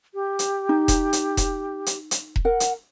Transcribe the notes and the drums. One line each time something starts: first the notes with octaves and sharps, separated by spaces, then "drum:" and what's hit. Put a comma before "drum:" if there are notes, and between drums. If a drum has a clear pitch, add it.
G4
drum: hi-hat
D#4
drum: kick E1, hi-hat
drum: hi-hat
drum: kick E1, hi-hat
drum: hi-hat
drum: hi-hat
drum: kick E1
A#4 F#5
drum: hi-hat